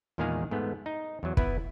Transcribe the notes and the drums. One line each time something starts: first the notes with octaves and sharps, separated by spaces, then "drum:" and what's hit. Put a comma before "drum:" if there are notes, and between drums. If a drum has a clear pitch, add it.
E2 A#2 D#3 G#3 G#4 F5
G#2 A3 B3
D#4
E2 F#3
B3 E4 B4, drum: kick